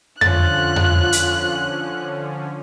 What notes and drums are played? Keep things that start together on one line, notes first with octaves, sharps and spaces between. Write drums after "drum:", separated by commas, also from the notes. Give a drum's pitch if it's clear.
D3 F3 C#4 F4 F#6 A6, drum: tom F2
drum: tom F2
drum: hi-hat